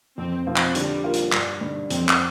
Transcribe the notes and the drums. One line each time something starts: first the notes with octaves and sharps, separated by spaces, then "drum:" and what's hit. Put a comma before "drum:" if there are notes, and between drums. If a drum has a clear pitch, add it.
F2 C4
F3 C4 F4
drum: clap
D3 G3, drum: hi-hat
A#3 F4
drum: hi-hat
G2, drum: clap
D3 G3
F2 C4, drum: hi-hat
drum: clap